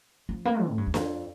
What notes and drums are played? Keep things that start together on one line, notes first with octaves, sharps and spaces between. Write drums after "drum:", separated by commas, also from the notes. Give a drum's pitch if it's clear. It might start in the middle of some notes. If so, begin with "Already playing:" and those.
F3
A#3
E3
A2
G2
E2
F2, drum: snare